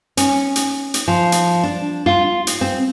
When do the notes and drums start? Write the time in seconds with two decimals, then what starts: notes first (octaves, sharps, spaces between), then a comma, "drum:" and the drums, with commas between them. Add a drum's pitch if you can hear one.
0.17 C#4, drum: hi-hat
0.56 drum: hi-hat
0.94 drum: hi-hat
1.08 F3
1.32 drum: hi-hat
1.63 D4
2.06 F4
2.47 drum: hi-hat
2.61 C4